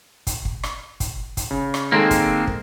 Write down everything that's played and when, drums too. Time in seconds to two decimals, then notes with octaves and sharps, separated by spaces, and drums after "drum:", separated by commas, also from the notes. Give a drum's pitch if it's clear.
0.27 drum: kick, hi-hat
0.45 drum: kick
0.63 drum: rim click
1.00 drum: kick, hi-hat
1.37 drum: kick, hi-hat
1.51 C#3
1.74 drum: rim click
1.92 D#3 G#3 A#3 C4 A4
2.11 drum: kick, hi-hat
2.47 drum: kick